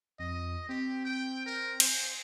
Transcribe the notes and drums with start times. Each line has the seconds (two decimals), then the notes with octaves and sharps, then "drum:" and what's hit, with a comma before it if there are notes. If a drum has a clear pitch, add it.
0.19 F2 D#5
0.69 C4 G4
1.05 G5
1.46 A#4
1.80 C5, drum: cymbal